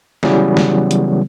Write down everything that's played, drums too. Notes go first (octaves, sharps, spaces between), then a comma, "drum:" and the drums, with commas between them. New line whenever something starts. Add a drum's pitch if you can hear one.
C#3 E3 F#3 G3 B3, drum: snare
drum: snare
drum: hi-hat